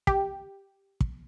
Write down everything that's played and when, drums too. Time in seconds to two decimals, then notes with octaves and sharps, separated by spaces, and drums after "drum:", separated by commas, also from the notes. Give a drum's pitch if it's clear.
0.07 G4, drum: kick
1.01 drum: kick